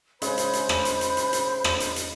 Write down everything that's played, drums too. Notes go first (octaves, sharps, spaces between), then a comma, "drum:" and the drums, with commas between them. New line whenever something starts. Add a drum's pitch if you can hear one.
C#3 G#3 C5 B5, drum: hi-hat
drum: hi-hat
drum: hi-hat
drum: rim click
drum: hi-hat
drum: hi-hat
drum: hi-hat
drum: hi-hat
drum: rim click
drum: hi-hat
drum: hi-hat